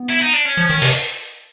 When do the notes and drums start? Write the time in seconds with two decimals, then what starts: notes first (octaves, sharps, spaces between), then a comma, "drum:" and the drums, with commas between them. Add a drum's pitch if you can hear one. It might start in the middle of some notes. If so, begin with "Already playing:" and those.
Already playing: B3
0.10 E4
0.22 D#4
0.34 D4
0.46 C#4
0.57 F3
0.70 D#3
0.82 C3, drum: open hi-hat